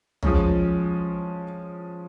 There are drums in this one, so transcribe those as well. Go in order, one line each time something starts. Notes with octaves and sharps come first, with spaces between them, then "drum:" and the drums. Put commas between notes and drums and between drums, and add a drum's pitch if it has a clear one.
F3 G#3 C#4, drum: tom